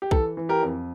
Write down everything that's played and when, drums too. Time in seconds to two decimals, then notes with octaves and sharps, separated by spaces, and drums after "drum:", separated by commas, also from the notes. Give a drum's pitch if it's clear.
0.02 G4
0.11 E3 A4, drum: kick B1
0.37 E3
0.49 G4 A#4
0.63 F2